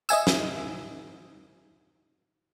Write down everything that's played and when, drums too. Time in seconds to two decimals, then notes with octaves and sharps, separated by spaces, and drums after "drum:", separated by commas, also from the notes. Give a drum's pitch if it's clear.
0.09 D#5 E5 G#5 E6, drum: tambourine
0.27 drum: snare